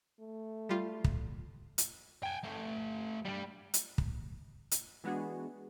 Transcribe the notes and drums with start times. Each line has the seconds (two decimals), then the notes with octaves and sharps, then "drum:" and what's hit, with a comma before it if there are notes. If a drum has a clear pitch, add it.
0.20 A3
0.69 G3 F4
1.04 drum: kick
1.78 drum: hi-hat
2.23 G5 G#5
2.44 A3 G4
3.25 G3 D4
3.74 drum: hi-hat
3.98 drum: kick
4.71 drum: hi-hat
5.04 E3 G#3 B3 D4 F#4 G#4